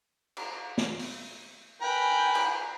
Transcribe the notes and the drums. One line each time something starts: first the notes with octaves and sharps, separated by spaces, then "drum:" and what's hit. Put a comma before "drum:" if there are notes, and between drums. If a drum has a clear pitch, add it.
drum: cymbal
drum: snare
drum: open hi-hat
A#4 B4 G5 G#5
drum: cymbal